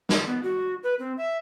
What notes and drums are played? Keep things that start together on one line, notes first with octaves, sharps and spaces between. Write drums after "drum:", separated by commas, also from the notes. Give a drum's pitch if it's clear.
G#3, drum: snare
B3
F#4
B4
C4
E5